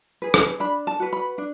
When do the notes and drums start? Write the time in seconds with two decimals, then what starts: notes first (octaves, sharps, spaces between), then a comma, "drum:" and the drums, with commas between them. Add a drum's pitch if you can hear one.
0.22 G#4 B4
0.34 drum: rim click
0.60 D4 B5
0.87 A5
1.00 F#4 B4
1.13 B5
1.38 D4